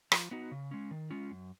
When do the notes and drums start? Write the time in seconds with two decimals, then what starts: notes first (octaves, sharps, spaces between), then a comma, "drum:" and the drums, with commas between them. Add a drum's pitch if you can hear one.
0.12 F3, drum: rim click
0.31 B3 D#4 F#4
0.52 C#3
0.71 G#3 C#4
0.91 D#3
1.10 G#3 C#4 F4
1.31 F#2